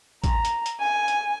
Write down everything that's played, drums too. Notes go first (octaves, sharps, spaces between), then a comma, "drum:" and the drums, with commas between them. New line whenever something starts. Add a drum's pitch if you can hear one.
A#5, drum: kick A1, hi-hat
drum: hi-hat
drum: hi-hat
G#5
drum: hi-hat